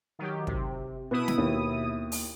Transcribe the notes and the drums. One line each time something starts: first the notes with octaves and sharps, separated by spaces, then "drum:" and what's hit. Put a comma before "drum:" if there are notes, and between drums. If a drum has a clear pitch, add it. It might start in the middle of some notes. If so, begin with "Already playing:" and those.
D#3 F#3 G4
C3, drum: kick
B2 B3 E4 D#6
drum: snare
D#2
drum: open hi-hat